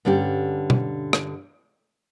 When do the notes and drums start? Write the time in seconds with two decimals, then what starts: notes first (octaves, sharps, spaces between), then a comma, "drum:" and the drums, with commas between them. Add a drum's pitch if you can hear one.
0.05 G2 D3 C#4 G4
0.70 drum: tom B2
1.13 drum: rim click